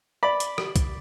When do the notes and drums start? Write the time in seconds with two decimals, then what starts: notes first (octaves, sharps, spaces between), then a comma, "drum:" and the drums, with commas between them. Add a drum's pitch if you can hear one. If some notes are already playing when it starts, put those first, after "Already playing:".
0.23 D5 B5
0.40 drum: hi-hat
0.58 drum: rim click
0.76 drum: kick, hi-hat